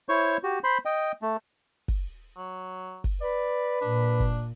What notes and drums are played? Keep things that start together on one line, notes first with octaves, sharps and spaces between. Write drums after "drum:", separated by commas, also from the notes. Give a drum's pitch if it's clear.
E4 C5 C#5 C#6
F#4 G4
C5 B5 C6
D#5 G5
A3
drum: kick
F#3
drum: kick
B4 D5
A#2 D4
drum: kick